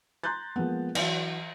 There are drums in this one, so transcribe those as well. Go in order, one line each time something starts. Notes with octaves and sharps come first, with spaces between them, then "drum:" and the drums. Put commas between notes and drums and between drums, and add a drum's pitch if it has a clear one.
A#5 C6 F#6 G6 A6
F3 G#3 A#3 B3
E3 F#3, drum: cymbal